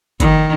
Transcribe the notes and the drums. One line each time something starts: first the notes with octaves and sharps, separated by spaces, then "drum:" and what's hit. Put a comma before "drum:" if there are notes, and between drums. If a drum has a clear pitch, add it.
D#3, drum: kick G1, hi-hat